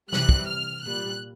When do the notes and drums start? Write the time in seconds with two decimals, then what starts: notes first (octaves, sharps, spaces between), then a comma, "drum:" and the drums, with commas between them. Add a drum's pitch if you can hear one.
0.13 C3 E3 G3 F#6, drum: snare
0.29 drum: kick
0.48 F6
0.83 A#2 G3 F#6